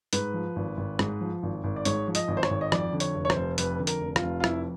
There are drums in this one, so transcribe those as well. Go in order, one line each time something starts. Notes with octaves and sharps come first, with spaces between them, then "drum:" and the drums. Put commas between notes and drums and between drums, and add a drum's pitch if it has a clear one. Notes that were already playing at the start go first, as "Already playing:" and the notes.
G#2 B4, drum: hi-hat
F3
G#1
G#1
G#2, drum: rim click
F3
G#1
G#1
D5
G#2 C#5, drum: hi-hat
F3
D#5, drum: hi-hat
G#1
C5
C#5, drum: rim click
G#1
D#5
F2 D5, drum: rim click
D3
C#5, drum: hi-hat
F1
C#5
C5, drum: rim click
F1
F2 B4, drum: hi-hat
D3
A#4, drum: hi-hat
F1
F4, drum: rim click
F1
F4
F2 E4, drum: rim click